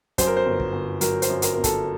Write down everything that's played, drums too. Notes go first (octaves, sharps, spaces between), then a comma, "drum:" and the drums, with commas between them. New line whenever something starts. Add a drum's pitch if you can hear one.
F#2 C5, drum: kick, hi-hat
A#4
C5
G1
drum: kick
G1
F#3 A#4, drum: hi-hat
C5, drum: hi-hat
F#2
A#4, drum: hi-hat
G1 A#4
A4, drum: kick, hi-hat